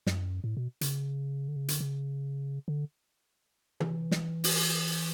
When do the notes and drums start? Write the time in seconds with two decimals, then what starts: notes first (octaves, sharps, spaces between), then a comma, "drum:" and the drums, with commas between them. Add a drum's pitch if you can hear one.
0.06 F#2, drum: snare
0.44 A2
0.57 B2
0.81 C#3, drum: hi-hat
1.48 D3
1.56 C#3
1.68 D3, drum: hi-hat
1.80 C#3
2.68 D3
3.80 E3, drum: tom
4.11 drum: snare
4.44 drum: open hi-hat